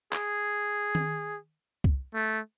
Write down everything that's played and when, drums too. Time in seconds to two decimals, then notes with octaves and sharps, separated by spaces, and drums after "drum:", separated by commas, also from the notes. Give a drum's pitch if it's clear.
0.13 G#4, drum: clap
0.95 drum: tom D#3
1.84 drum: kick
2.14 A3